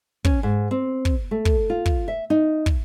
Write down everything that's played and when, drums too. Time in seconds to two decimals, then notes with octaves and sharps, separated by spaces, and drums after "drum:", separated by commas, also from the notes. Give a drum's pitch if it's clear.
0.25 C#4, drum: kick
0.43 G#2
0.71 C4
1.05 drum: kick
1.31 A3
1.45 drum: kick
1.70 F4
1.86 drum: kick
2.08 E5
2.30 D#4
2.66 drum: kick